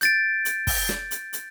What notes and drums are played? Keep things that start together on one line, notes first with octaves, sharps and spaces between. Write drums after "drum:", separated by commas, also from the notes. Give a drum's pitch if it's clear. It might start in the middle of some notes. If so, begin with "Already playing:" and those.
G6 A6 D7, drum: hi-hat
drum: hi-hat
drum: kick, open hi-hat
drum: snare
drum: hi-hat
drum: hi-hat